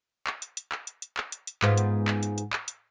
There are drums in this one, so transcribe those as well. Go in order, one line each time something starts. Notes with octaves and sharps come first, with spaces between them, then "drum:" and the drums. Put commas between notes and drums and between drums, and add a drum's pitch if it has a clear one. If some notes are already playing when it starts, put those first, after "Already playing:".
drum: clap
drum: hi-hat
drum: hi-hat
drum: clap
drum: hi-hat
drum: hi-hat
drum: clap
drum: hi-hat
drum: hi-hat
G#2 B3 F4, drum: clap
drum: hi-hat
drum: clap
drum: hi-hat
drum: hi-hat
drum: clap
drum: hi-hat